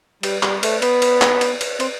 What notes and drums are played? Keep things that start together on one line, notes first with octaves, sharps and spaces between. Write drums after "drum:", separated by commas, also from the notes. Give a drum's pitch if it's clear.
G3, drum: cymbal
G3, drum: clap
A3, drum: cymbal
B3, drum: cymbal
drum: cymbal
drum: clap
drum: cymbal
drum: cymbal
C4, drum: cymbal